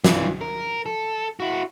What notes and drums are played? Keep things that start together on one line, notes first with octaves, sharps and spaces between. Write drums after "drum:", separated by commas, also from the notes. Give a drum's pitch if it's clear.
G2 E3, drum: snare
A#4
A4
E4 F#4